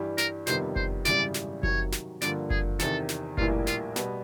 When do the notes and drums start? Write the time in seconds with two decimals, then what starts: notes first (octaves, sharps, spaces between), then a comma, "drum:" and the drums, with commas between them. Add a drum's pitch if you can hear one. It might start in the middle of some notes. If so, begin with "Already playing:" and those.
Already playing: G2 E3 G3
0.18 A#4, drum: snare
0.47 F2 C3 D#3 G3 B3 C5, drum: snare
0.76 C5, drum: kick F#1
1.05 G#1 F#2 C#3 E3 G3 D5, drum: snare
1.34 drum: snare
1.63 C3 D#3 F#3 C#5, drum: kick F#1
1.92 drum: snare
2.21 G2 D3 F3 A#3 D5, drum: snare
2.50 G#4, drum: kick F#1
2.79 E2 C3 D#3 A4, drum: snare
3.09 drum: snare
3.38 A#1 A2 E3 G3 A#3 F4, drum: kick F#1
3.67 F4, drum: snare
3.96 B2 G3 B3, drum: snare